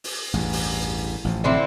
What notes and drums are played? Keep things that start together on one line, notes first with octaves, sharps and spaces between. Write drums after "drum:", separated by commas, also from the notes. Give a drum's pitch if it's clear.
drum: open hi-hat
A1 E2 G2
drum: open hi-hat
A1 A2 F3
D3 C4 E4